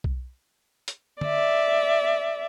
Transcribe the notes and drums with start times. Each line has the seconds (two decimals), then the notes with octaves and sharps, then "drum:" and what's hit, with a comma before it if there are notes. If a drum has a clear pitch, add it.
0.04 drum: kick B1
0.88 drum: hi-hat
1.21 D5 E5, drum: tom